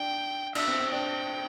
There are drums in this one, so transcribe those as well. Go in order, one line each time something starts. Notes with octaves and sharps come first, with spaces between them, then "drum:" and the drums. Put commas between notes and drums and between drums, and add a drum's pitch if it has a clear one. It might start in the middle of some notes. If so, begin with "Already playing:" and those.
Already playing: D4 G5
D4 E5, drum: cymbal
C4
C4
D4 G5